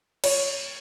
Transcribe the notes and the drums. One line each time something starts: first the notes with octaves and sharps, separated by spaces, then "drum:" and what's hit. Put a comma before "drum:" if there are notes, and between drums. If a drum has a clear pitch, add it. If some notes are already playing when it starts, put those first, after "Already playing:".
C#5, drum: cymbal